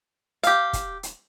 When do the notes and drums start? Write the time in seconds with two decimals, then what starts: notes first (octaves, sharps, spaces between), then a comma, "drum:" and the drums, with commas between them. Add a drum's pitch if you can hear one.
0.43 G4 F5, drum: hi-hat
0.73 drum: kick, hi-hat
1.03 drum: hi-hat